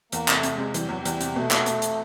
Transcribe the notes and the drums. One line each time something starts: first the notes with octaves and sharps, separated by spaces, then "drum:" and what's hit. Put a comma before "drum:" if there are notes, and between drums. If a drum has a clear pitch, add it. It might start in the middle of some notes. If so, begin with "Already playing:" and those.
E2 A#3, drum: hi-hat
C3 A3, drum: clap
C3, drum: hi-hat
C3 G#3
E3 G3, drum: hi-hat
E2 F#3
G3
E2, drum: hi-hat
C3, drum: hi-hat
B2 A3
B2, drum: clap
B2, drum: hi-hat
drum: hi-hat